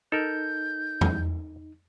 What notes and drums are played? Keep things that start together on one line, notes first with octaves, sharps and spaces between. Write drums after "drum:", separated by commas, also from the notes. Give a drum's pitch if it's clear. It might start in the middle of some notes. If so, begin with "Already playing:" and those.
D#4 A4 A#4 G6
drum: tom E2